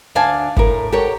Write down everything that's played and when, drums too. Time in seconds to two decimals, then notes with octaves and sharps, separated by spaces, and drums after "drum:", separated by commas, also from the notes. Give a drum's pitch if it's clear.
0.15 D2 D4 F5 G#5 A5
0.57 A2 A#4, drum: kick G1
0.92 G4 A4 A#4 C#5 F#5 G5